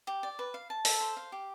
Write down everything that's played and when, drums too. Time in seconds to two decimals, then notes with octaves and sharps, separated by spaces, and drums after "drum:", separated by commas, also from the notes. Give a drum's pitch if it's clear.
0.07 G4
0.23 D5
0.39 B4
0.54 F5
0.70 A5
0.85 A4, drum: open hi-hat
1.01 C5
1.17 F5
1.32 G4